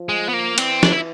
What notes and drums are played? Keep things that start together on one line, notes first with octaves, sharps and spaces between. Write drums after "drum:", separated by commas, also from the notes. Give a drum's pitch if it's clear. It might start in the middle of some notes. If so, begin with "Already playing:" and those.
Already playing: F3
G#3
B3
A#3
E3 C4, drum: cymbal
D4, drum: snare
E4